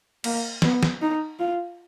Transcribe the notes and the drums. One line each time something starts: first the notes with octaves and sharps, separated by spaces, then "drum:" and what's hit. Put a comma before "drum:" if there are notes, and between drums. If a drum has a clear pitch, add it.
A#3, drum: cymbal
B3, drum: snare
drum: snare
D#4
F4